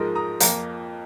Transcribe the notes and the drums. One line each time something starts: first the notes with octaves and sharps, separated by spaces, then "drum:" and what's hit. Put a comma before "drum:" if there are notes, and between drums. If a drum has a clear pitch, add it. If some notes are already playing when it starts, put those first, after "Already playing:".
Already playing: G#2 F3 G#3 A#4 D#5
A#5 D#6
F2 F3 A#3 F5 A#5, drum: hi-hat